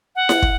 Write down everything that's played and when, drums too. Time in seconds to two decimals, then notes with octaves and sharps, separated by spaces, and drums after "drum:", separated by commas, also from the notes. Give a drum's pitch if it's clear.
0.16 F#5
0.29 drum: snare E4
0.42 drum: kick